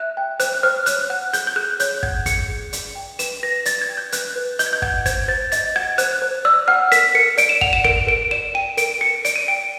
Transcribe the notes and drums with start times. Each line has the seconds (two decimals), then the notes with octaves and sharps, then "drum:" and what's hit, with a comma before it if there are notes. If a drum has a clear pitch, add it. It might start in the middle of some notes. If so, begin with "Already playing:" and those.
Already playing: E5 F#6
0.17 G5
0.40 C5 F#6, drum: hi-hat
0.63 C5 F6
0.86 C#5 F#6, drum: hi-hat
1.10 F#5 F#6
1.33 G#4 G6, drum: hi-hat
1.47 G6
1.56 G#4 F#6
1.80 C#5 G6, drum: hi-hat
2.03 F#5 G#6, drum: kick
2.26 G#4 C#7, drum: kick, hi-hat
2.49 G#4
2.73 D5, drum: hi-hat
2.95 G5
3.19 B4 E7, drum: hi-hat
3.43 B4 A#6
3.65 D5 A6, drum: hi-hat
3.81 G#6
3.89 G5
3.97 G6
4.12 B4 F#6, drum: hi-hat
4.36 B4
4.59 D#5 G6, drum: hi-hat
4.66 G#6
4.73 G6
4.82 F#5 G#6, drum: kick
5.06 C5 G#6, drum: kick, hi-hat
5.28 C5 A6
5.52 D#5 A6, drum: hi-hat
5.76 F#5 G#6
5.98 C5 F#6, drum: hi-hat
6.22 C5
6.45 D5 E6
6.68 F#5 F6
6.92 A#4 B6, drum: hi-hat
7.15 A#4 C#7
7.37 D5 D7, drum: hi-hat
7.49 E7
7.61 F#5 F7, drum: kick
7.73 E7
7.85 A#4 D7, drum: kick
8.07 A#4 D7
8.31 D5 E7
8.55 G5 D#7
8.77 A#4 D7, drum: hi-hat
9.01 A#4 C#7
9.25 D5 D7, drum: hi-hat
9.36 D#7
9.48 G5 D7